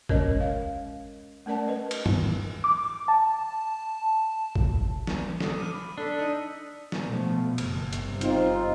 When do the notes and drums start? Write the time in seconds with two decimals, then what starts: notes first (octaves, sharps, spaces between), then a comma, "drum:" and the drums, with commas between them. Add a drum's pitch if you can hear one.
0.09 G#3 C#4 A#4 C#5 D#5, drum: kick G#1
0.40 F5
1.46 A3 C#4 A#4 D5 A5
1.67 B4 D#5
1.91 drum: cymbal
2.06 drum: tom
2.64 D6
3.08 A5
4.56 drum: kick G#1
5.07 drum: snare
5.40 A4 D#6, drum: snare
5.57 D6 F6 D#7
5.73 B5
5.98 D4 A4 E6 B6
6.18 D#4 D#6 C#7 D#7
6.92 drum: snare
7.05 B2 F3 A3
7.58 F#1, drum: cymbal
7.93 G1 G2 C3, drum: hi-hat
8.21 C4 D#4 F4, drum: hi-hat